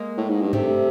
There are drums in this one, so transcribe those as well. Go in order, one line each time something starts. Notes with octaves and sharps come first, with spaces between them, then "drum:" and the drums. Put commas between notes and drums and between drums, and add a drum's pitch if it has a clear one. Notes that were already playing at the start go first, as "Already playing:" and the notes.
Already playing: G#3 A#3
A2
G#2
G2
C3 G3 A3, drum: tom G2